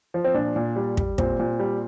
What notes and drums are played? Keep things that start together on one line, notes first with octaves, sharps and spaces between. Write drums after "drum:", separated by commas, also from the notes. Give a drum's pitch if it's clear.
F3
C4
A#2 D4
A#2
G3
G3, drum: kick
A#2 C4, drum: kick
A#2
G3